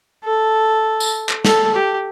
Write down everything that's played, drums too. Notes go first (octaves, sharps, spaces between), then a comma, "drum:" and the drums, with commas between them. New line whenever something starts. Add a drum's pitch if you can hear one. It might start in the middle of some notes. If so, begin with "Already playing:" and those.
A4
drum: tambourine
drum: clap
A4, drum: snare
G4